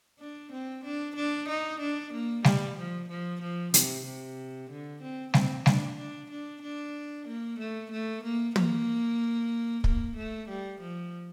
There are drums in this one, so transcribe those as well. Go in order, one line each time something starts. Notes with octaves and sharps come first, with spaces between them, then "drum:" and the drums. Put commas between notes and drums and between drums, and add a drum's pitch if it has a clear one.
D4
C4
D4
D4
D#4
D4
A#3
G3, drum: snare G3
F3
F3
F3
C3, drum: hi-hat
C3
D3
C4
C4, drum: snare G3
D4, drum: snare G3
D4
D4
D4
A#3
A3
A3
A#3
A#3, drum: tom
A#3, drum: kick
A3
G3
F3